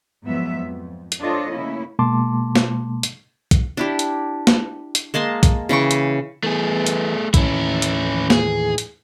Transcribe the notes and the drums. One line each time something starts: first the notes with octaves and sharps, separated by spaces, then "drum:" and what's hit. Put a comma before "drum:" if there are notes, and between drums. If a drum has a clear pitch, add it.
E2 G#2 F3 F#3 B3 E5
F2
drum: hi-hat
D4 F4 A4 C5 C#5 D#5
C#3 A3 A#3 C#4 E4
B2 G#3 A#3 A5 C6 D6
drum: snare
drum: hi-hat
drum: kick, hi-hat
D4 E4 G4
drum: hi-hat
drum: snare
drum: hi-hat
G#3 A#3 A5 C6
drum: kick, hi-hat
C#3 E3 G5 C#6
drum: hi-hat
E3 A3 B3 G#4
drum: hi-hat
D#2 A2 E3 C#4 E4, drum: kick, hi-hat
drum: hi-hat
G#4, drum: snare
drum: hi-hat